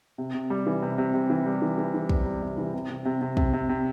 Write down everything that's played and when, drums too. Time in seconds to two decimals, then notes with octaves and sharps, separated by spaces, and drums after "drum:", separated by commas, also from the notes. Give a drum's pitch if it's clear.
0.18 C3
0.34 C3
0.50 G3
0.67 E3
0.82 C3
0.98 C3
1.14 C3
1.30 E3
1.46 G3
1.62 E3
1.78 E3
1.94 E3
2.09 G3, drum: kick
2.25 G3
2.42 C3
2.58 E3
2.74 C3
2.90 C3
3.05 C3
3.22 C3
3.37 C3, drum: kick
3.53 C3
3.69 C3